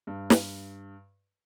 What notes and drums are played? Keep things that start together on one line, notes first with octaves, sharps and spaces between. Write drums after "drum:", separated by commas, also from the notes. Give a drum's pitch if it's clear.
G2
drum: snare